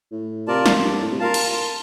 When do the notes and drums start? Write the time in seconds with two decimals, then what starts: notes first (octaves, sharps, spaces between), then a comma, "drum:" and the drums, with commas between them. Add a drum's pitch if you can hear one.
0.11 A2
0.48 C3 F4 A#4 D5 A5
0.66 F2, drum: snare
0.83 G2
1.01 A2
1.12 C3
1.19 A#2 F4 A#4 F5 A5
1.34 drum: cymbal